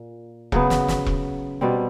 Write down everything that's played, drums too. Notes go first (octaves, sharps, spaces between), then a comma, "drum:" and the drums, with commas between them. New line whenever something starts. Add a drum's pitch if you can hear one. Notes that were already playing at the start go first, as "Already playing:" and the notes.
Already playing: A#2
C#3 F#3 B3, drum: kick E1
drum: snare
drum: snare
drum: kick E1
B2 G3 C4